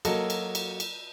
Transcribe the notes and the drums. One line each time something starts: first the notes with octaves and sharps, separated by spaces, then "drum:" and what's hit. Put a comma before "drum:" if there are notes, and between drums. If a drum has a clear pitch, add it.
F#3 A#3 F#4 A4 D#5, drum: cymbal
drum: cymbal
drum: cymbal
drum: cymbal